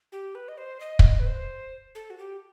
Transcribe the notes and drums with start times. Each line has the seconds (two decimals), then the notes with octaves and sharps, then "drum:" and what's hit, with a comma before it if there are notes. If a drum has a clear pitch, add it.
0.12 G4
0.35 B4
0.48 D#5
0.58 C5
0.80 D#5
0.99 drum: kick
1.20 B4
1.27 C5
1.95 A4
2.10 F#4
2.18 G4